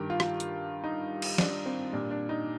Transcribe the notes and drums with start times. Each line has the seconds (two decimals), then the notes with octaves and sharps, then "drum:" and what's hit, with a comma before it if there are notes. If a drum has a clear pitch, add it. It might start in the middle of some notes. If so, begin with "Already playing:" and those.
Already playing: G2 D#3 G3 G4 A#4
0.10 F4
0.20 drum: rim click
0.40 drum: hi-hat
0.84 D#4
1.22 drum: cymbal
1.38 D4, drum: snare
1.66 C4
1.93 A#2 G3 D4
2.11 D4
2.29 D#4